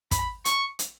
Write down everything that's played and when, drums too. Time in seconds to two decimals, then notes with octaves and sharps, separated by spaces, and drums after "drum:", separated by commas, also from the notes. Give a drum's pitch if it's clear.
0.11 B5, drum: kick, hi-hat
0.45 C#6, drum: hi-hat
0.79 drum: hi-hat